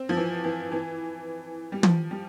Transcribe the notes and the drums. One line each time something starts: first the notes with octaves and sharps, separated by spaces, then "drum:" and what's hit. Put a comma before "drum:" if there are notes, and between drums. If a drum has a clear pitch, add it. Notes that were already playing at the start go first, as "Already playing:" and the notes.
Already playing: C4
F3
E3
E3
E3
G3
F3, drum: tom
G3